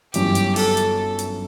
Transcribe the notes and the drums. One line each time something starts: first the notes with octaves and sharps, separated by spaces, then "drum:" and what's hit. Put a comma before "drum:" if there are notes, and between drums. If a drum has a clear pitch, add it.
G1 F#2 E3 G4, drum: hi-hat
drum: hi-hat
A4, drum: open hi-hat
drum: hi-hat
drum: hi-hat